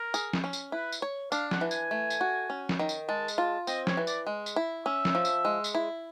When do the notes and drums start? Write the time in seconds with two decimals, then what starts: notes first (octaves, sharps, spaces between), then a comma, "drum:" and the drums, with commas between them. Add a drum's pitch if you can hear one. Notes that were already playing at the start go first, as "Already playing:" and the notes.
Already playing: A#4
0.14 G#4, drum: tambourine
0.33 drum: snare
0.44 C#4
0.53 drum: tambourine
0.72 E4 B4
0.92 drum: tambourine
1.02 C#5
1.32 D4 F5, drum: tambourine
1.51 F#5, drum: snare
1.61 E3
1.71 G#5, drum: tambourine
1.91 A3
2.10 drum: tambourine
2.21 F#4
2.50 C#4
2.69 drum: snare
2.79 D#3
2.89 drum: tambourine
3.09 G#3 A5
3.28 drum: tambourine
3.38 F4 A5
3.67 C4 D#5, drum: tambourine
3.87 C#5, drum: snare
3.97 E3
4.07 D5, drum: tambourine
4.27 G#3
4.46 drum: tambourine
4.56 E4
4.86 C#4 E5
5.05 drum: snare
5.15 F3
5.25 drum: tambourine
5.45 G#3
5.64 drum: tambourine
5.75 E4